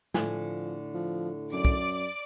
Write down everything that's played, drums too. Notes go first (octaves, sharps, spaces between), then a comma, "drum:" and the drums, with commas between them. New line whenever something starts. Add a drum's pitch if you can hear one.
A2 D3 F3 G#5, drum: snare
F3
F#2 D5 D6
drum: kick